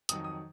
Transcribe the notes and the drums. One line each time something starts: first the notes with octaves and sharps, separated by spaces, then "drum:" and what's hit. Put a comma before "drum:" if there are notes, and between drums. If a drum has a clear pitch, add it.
F2 D#3 F#3 D#6, drum: hi-hat
D#6